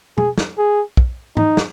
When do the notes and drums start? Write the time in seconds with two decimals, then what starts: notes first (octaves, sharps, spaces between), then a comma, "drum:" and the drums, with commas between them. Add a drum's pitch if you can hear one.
0.18 G#4, drum: tom
0.38 drum: snare
0.58 G#4
0.97 drum: kick
1.37 D#4, drum: tom G#2
1.57 drum: snare